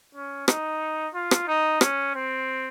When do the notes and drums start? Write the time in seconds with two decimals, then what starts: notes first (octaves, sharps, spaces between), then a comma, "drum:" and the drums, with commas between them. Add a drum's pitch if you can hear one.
0.15 C#4
0.48 D#4, drum: rim click
1.14 F4
1.31 drum: rim click
1.47 D#4
1.81 C#4, drum: rim click
2.15 C4